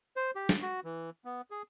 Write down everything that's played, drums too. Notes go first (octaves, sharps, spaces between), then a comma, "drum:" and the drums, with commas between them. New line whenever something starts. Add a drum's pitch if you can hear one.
C5
G4
drum: snare
F#4
E3
B3
G#4